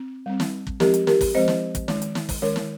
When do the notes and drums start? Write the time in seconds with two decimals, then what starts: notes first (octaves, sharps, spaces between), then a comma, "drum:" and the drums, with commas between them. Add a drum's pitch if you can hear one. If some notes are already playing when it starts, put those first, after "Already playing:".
Already playing: C4
0.26 G3 C4
0.40 drum: snare
0.67 drum: kick
0.80 F3 G#3 C4 G4 A#4, drum: snare
0.94 drum: hi-hat
1.07 G4 A#4, drum: snare
1.21 drum: kick, open hi-hat
1.34 F3 G#3 C4 C5 D#5
1.48 drum: snare
1.75 drum: kick, hi-hat
1.88 D#3 G#3 C#4, drum: snare
2.02 drum: hi-hat
2.15 drum: snare
2.29 drum: kick, open hi-hat
2.42 D#3 G#3 C#4 A#4 C#5
2.56 drum: snare